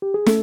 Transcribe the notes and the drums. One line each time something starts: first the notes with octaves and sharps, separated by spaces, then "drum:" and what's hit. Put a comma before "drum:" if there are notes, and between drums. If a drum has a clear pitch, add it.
G4
G#4
A3 C#4 A4, drum: snare